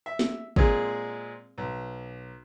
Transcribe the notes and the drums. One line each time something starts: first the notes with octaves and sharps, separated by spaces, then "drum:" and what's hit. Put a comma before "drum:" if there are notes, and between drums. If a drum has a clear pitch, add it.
E5
drum: snare
A#2 G#3 C4 G#4, drum: kick
B1